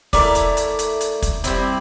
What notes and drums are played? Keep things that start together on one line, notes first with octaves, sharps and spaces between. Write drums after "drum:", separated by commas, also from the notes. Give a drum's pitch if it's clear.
A3 E4 A#4 D5, drum: kick, open hi-hat
drum: hi-hat
drum: hi-hat
drum: hi-hat
drum: hi-hat
drum: kick, hi-hat
G3 C4 E4, drum: hi-hat